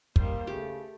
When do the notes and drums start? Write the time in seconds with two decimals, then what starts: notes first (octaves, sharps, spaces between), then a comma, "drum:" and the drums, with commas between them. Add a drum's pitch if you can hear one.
0.16 D#3 G3 A#3 C5, drum: kick
0.47 C#3 A3 G4